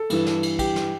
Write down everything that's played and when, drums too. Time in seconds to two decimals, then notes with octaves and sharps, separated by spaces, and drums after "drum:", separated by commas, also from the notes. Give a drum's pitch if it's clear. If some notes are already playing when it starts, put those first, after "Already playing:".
Already playing: A4
0.10 G2 E3, drum: cymbal
0.27 drum: snare
0.43 drum: cymbal
0.59 G4, drum: kick A#1, cymbal
0.76 drum: snare